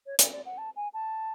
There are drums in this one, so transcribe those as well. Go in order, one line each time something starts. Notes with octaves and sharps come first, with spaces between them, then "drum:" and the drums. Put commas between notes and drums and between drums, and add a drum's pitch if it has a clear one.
C#5
D5, drum: hi-hat
D5
F#5
A5
G#5
A5